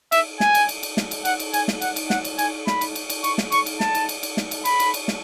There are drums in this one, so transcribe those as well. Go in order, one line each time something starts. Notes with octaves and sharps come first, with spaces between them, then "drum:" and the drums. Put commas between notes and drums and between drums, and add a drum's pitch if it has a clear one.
E5, drum: cymbal
G#5, drum: snare
drum: cymbal
drum: cymbal
drum: cymbal
drum: snare
drum: cymbal
F#5, drum: cymbal
drum: cymbal
G#5, drum: cymbal
drum: snare
F#5, drum: cymbal
drum: cymbal
F#5, drum: snare
drum: cymbal
G#5, drum: cymbal
B5, drum: snare
drum: cymbal
drum: cymbal
drum: cymbal
C#6, drum: cymbal
drum: snare
C#6, drum: cymbal
drum: cymbal
A5, drum: snare
drum: cymbal
drum: cymbal
drum: cymbal
drum: snare
drum: cymbal
B5, drum: cymbal
drum: cymbal
drum: cymbal
drum: snare